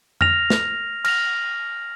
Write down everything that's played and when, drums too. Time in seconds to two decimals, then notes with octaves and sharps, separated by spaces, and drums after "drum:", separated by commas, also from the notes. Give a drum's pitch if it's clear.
0.21 F6 A#6 F7, drum: tom F2
0.50 drum: snare
1.05 F6 A#6 F7, drum: cymbal